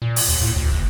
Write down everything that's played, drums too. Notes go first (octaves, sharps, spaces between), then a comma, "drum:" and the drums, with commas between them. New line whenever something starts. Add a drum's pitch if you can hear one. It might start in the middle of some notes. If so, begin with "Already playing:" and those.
A#2
drum: open hi-hat
D#2
A2
D2
F#1